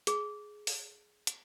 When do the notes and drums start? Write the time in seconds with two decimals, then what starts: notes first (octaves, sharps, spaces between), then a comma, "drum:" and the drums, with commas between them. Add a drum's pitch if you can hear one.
0.07 G#4, drum: hi-hat
0.67 drum: open hi-hat
1.27 drum: hi-hat